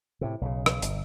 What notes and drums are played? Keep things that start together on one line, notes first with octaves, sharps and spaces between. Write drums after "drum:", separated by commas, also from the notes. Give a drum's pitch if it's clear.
A2 C3
B1 C#3
drum: rim click
G1, drum: hi-hat